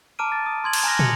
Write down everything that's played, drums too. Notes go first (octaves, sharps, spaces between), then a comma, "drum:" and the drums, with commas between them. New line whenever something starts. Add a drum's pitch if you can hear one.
A5 A#5 D6 F6 D7 D#7
A6
D#6
C6 G#6 F#7
drum: cymbal
G#5 A#5 F6 F#6 A#6
C#7 F7 F#7, drum: tom